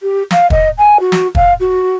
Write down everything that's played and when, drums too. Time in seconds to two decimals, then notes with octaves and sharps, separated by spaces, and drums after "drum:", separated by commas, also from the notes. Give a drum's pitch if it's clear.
0.01 G4
0.31 F5, drum: snare
0.50 D#5, drum: kick
0.77 G#5
0.99 F#4
1.12 drum: snare
1.35 F5, drum: kick
1.60 F#4